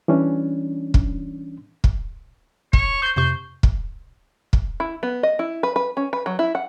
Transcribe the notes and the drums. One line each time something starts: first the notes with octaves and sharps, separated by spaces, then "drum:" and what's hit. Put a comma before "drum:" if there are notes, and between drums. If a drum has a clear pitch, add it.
E3 G3 C#4 D4
drum: kick
drum: kick
C#5, drum: kick
C5 C#6 G6
F2 C3 C5 C#6
drum: kick
drum: kick
E4
B3
D#5
E4
B4
B4
C#4
B4
F#3
E4
F#5